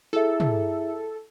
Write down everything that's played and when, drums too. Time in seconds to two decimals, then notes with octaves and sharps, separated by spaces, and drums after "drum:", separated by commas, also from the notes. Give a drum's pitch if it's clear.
0.13 E4 G#4 A4 E5
0.40 drum: tom